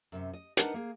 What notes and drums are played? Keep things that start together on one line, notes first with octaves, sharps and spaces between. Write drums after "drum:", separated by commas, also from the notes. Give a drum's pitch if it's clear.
F#2 C3
D#5
G#3 D4 D#4 A#4 B4 F#5, drum: hi-hat
A#3 G#4